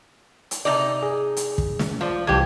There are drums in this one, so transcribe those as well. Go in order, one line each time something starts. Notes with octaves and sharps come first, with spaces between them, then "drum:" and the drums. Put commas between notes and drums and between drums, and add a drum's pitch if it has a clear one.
drum: hi-hat
C3 D#4 D5
G#4
drum: hi-hat
drum: kick
drum: snare
F3 F4 C5 D5
C2 F2 E3 G4 G#6